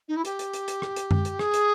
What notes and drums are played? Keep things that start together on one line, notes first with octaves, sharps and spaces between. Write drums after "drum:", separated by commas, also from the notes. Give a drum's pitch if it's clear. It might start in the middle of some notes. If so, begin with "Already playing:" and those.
D#4
E4
G4, drum: hi-hat
drum: hi-hat
drum: hi-hat
drum: hi-hat
drum: rim click
drum: hi-hat
drum: tom F#2
drum: hi-hat
G#4, drum: rim click
drum: hi-hat